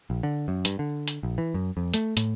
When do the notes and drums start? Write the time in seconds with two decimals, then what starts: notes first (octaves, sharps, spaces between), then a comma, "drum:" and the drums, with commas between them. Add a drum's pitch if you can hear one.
0.10 A#1
0.23 D3
0.48 F#2
0.65 G2, drum: hi-hat
0.79 D3
1.08 drum: hi-hat
1.23 A#1
1.38 E3
1.54 F#2
1.77 F2
1.94 A3, drum: hi-hat
2.17 A2, drum: hi-hat